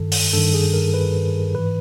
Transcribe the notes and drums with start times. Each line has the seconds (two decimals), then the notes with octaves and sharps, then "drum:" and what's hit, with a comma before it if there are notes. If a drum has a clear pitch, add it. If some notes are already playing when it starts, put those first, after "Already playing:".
Already playing: G2 D#3 A4
0.12 drum: open hi-hat
0.33 G2 D#3 A4
0.54 G#4
0.73 A#4
0.94 B4
1.55 G#2 E3 B4